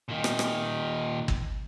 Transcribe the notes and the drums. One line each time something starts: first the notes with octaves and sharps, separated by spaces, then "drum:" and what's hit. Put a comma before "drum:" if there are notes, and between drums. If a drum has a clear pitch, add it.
A#2 D#3
drum: rim click
drum: rim click
drum: kick G1